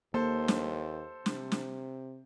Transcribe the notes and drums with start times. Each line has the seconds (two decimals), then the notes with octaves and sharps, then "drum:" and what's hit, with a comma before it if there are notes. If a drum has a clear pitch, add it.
0.14 D#2 A#3 A4 C5
0.48 drum: snare
1.26 C3, drum: snare
1.52 drum: snare